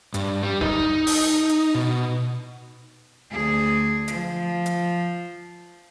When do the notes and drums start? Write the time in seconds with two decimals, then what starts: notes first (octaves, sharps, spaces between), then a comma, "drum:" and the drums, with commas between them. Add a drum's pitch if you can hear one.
0.14 G2, drum: hi-hat
0.43 G3
0.61 D#4, drum: snare
1.07 drum: open hi-hat
1.49 drum: hi-hat
1.75 B2
3.31 D2 G#4
4.08 F3, drum: hi-hat
4.66 drum: hi-hat